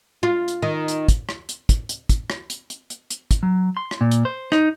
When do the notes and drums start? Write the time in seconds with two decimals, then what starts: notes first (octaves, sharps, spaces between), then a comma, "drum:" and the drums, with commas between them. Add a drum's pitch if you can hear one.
0.23 F4
0.48 drum: hi-hat
0.62 D#3
0.88 drum: hi-hat
1.08 drum: kick, hi-hat
1.29 drum: rim click
1.49 drum: hi-hat
1.69 drum: kick, hi-hat
1.89 drum: hi-hat
2.09 drum: kick, hi-hat
2.30 drum: rim click
2.50 drum: hi-hat
2.70 drum: hi-hat
2.90 drum: hi-hat
3.10 drum: hi-hat
3.31 drum: kick, hi-hat
3.43 F#3
3.77 C6
3.91 drum: rim click
4.01 A#2
4.11 drum: hi-hat
4.25 C5
4.52 D#4, drum: rim click